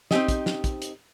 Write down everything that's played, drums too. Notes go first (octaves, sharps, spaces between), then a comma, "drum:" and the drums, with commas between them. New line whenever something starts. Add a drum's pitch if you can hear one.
C4 D#4 G4 D#5, drum: snare
drum: kick, hi-hat
drum: snare
drum: kick, hi-hat
drum: hi-hat